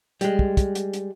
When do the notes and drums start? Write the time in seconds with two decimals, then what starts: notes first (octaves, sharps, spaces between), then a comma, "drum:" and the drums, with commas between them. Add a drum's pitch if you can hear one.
0.21 G3 G#3, drum: hi-hat
0.39 drum: kick
0.57 drum: kick, hi-hat
0.75 drum: hi-hat
0.93 drum: hi-hat